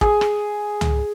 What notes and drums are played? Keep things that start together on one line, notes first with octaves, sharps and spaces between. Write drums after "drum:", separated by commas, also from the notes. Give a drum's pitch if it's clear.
G#4, drum: kick
drum: rim click
drum: tom